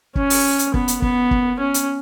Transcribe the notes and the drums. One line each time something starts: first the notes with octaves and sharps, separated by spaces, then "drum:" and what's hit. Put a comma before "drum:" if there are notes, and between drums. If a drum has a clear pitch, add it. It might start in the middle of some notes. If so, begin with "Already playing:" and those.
C#4, drum: kick
drum: open hi-hat
drum: hi-hat
B3, drum: kick
drum: hi-hat
B3, drum: kick
drum: kick
C#4
drum: hi-hat